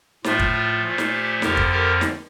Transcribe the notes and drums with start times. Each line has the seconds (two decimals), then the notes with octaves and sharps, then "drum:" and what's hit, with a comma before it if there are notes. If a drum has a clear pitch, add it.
0.24 A2 F3 A3 F4, drum: snare
0.39 drum: kick
0.53 F4
0.83 A#2 F3 A3
0.98 drum: snare
1.13 G4
1.42 F2 D3 F3 G4 A#4, drum: snare
1.57 drum: kick
1.72 G4 A#4
2.01 drum: snare